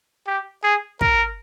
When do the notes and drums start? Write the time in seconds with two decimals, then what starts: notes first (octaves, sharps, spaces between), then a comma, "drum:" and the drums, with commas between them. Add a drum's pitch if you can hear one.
0.27 G4
0.64 G#4
1.01 A#4, drum: kick